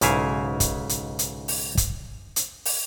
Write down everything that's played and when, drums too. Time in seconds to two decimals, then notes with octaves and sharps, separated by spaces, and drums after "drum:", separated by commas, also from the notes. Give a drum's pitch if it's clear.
0.01 B1 G#2 C#3 E4 F5 G#5, drum: hi-hat
0.60 drum: kick, hi-hat
0.89 drum: hi-hat
1.19 drum: hi-hat
1.48 drum: open hi-hat
1.77 drum: kick, hi-hat
2.36 drum: hi-hat
2.65 drum: open hi-hat